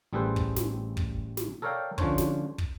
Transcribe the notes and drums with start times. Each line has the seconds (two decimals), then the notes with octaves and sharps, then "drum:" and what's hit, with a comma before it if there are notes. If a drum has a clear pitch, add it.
0.13 A1 G3 G#4 A4 B4 C5
0.36 drum: kick
0.56 drum: snare
0.97 drum: kick
1.37 drum: snare
1.62 A4 A#4 C#5 D5 F5 G5
1.98 D3 F3 C#4 D4 C5 C#5, drum: kick
2.18 drum: snare
2.58 drum: kick